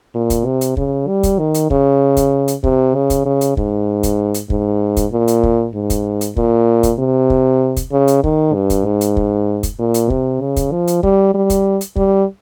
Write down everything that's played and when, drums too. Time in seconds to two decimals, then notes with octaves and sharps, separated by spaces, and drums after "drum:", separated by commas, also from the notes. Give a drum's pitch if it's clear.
0.14 A#2
0.30 drum: kick, hi-hat
0.46 C3
0.61 drum: hi-hat
0.77 C#3, drum: kick
1.08 G3
1.23 drum: kick, hi-hat
1.39 D#3
1.55 drum: hi-hat
1.70 C#3, drum: kick
2.17 drum: kick, hi-hat
2.48 drum: hi-hat
2.64 C3, drum: kick
2.95 C#3
3.10 drum: kick, hi-hat
3.26 C#3
3.41 drum: hi-hat
3.57 G#2, drum: kick
4.03 drum: kick, hi-hat
4.34 drum: hi-hat
4.50 G#2, drum: kick
4.97 drum: kick, hi-hat
5.12 A#2
5.28 drum: hi-hat
5.43 drum: kick
5.74 G#2
5.90 drum: kick, hi-hat
6.21 drum: hi-hat
6.36 A#2, drum: kick
6.83 drum: kick, hi-hat
6.99 C3
7.30 drum: kick
7.77 drum: kick, hi-hat
7.92 C#3
8.08 drum: hi-hat
8.24 D#3, drum: kick
8.54 G2
8.70 drum: kick, hi-hat
8.86 G#2
9.01 drum: hi-hat
9.17 drum: kick
9.63 drum: kick, hi-hat
9.79 A#2
9.94 drum: hi-hat
10.10 C3, drum: kick
10.41 C#3
10.57 drum: kick, hi-hat
10.72 F3
10.88 drum: hi-hat
11.03 G3, drum: kick
11.34 G3
11.50 drum: kick, hi-hat
11.81 drum: hi-hat
11.96 G3, drum: kick